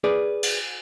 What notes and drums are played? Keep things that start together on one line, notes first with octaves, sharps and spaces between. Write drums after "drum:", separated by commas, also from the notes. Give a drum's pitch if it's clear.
G#4 B4 D5
drum: cymbal